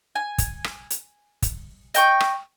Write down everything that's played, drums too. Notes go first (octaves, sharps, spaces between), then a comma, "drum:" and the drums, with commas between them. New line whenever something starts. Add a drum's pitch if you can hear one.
G#5
drum: kick, hi-hat
drum: rim click
drum: hi-hat
drum: kick, hi-hat
D#5 G5 C#6, drum: hi-hat
drum: rim click